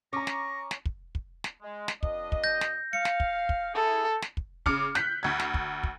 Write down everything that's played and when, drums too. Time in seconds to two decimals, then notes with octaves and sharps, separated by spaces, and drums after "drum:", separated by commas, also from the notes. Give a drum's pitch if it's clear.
0.13 C#4 A#5 C#6 D6 A#6
0.27 drum: snare
0.71 drum: snare
0.85 drum: kick
1.15 drum: kick
1.44 drum: snare
1.62 G#3
1.88 drum: snare
2.03 F2 D4 D#5, drum: kick
2.32 drum: kick
2.44 G6 A#6
2.61 drum: snare
2.93 F5 C#7
3.05 drum: snare
3.20 drum: kick
3.49 drum: kick
3.74 E4 G#4 A4
4.22 drum: snare
4.37 drum: kick
4.66 C#3 D6 F6 C#7, drum: kick
4.95 F#6 G6 B6, drum: snare
5.23 D2 G#6
5.40 drum: snare
5.54 drum: kick
5.83 drum: kick